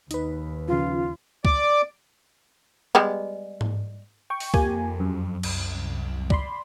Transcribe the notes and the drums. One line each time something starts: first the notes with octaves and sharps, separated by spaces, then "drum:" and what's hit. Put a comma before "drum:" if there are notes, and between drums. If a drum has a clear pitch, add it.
D#2 D#4 B4, drum: hi-hat
C#3 F3 F4
D5 D6, drum: kick C#2
G3 G#3 B3
drum: tom G#2
G5 C#6
drum: open hi-hat
F2 A#3 G4 G#5, drum: kick C#2
F#2
C2, drum: cymbal
D5 B5 C6, drum: kick C#2